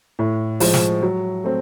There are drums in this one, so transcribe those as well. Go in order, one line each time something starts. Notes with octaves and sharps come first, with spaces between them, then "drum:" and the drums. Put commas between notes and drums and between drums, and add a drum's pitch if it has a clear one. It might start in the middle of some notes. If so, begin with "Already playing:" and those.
A2
F3 G#3, drum: open hi-hat
drum: snare
F#3
A3 C4